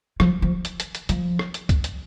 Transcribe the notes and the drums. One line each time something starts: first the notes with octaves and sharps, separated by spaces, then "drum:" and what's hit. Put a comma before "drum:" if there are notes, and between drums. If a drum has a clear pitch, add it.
F3, drum: rim click
F3
drum: hi-hat
drum: hi-hat
drum: hi-hat
F3, drum: hi-hat
drum: rim click
drum: hi-hat
drum: kick, hi-hat
drum: hi-hat